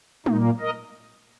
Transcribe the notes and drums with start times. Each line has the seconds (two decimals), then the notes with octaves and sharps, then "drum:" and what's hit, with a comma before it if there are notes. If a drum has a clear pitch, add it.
0.26 A#2 A#3 D#4, drum: tom
0.60 A#4 D#5